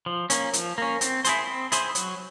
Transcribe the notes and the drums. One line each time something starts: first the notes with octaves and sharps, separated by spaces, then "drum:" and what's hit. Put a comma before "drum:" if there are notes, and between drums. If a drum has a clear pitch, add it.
F3
A#3 C#4, drum: hi-hat
F3, drum: hi-hat
A#3 C#4
C4, drum: hi-hat
E4 G#4 C5, drum: hi-hat
C4
E4 G#4 C5, drum: hi-hat
F#3, drum: hi-hat